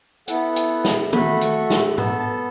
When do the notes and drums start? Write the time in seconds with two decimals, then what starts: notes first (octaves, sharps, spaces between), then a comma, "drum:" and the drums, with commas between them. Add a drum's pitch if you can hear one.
0.28 B3 E4 A4 F#5, drum: hi-hat
0.56 F#5, drum: hi-hat
0.85 drum: snare
1.13 A3 F#4 A4 B5, drum: tom
1.41 C#6, drum: hi-hat
1.70 F#6, drum: snare
1.98 B3 A4 E6, drum: tom G#2
2.19 A5